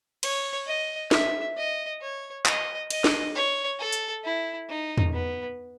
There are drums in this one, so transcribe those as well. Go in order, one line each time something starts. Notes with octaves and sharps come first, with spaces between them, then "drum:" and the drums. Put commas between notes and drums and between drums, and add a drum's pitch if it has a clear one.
C#5, drum: cymbal
D#5
E5, drum: snare
D#5
C#5
D#5, drum: clap
D#5, drum: cymbal
drum: snare
C#5
A4
drum: hi-hat
E4
D#4
drum: tom E2
B3